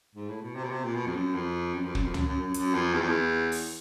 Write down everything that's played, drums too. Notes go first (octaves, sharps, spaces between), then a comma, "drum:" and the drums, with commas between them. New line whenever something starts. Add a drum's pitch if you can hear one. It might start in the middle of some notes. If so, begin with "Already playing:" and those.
G#2
A2
B2
C3
B2
C3
A#2
B2
F2
F#2
F2
F#2
F2
F#2, drum: kick
F2
F#2, drum: tom
F#2
F#2
F#2, drum: hi-hat
F2
E2
F2
E2
drum: open hi-hat